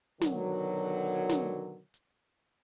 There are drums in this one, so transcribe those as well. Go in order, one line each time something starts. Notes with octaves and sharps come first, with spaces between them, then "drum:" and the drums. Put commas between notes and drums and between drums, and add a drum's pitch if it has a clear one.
B2 D3 D#3 F#3, drum: snare
drum: snare
drum: hi-hat